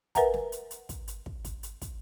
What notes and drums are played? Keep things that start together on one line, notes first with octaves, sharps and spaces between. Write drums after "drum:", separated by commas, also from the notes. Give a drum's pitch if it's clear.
A#4 B4 E5 F#5 G#5 A#5, drum: kick, hi-hat
drum: snare
drum: hi-hat
drum: hi-hat
drum: kick, hi-hat
drum: hi-hat
drum: kick
drum: kick, hi-hat
drum: hi-hat
drum: kick, hi-hat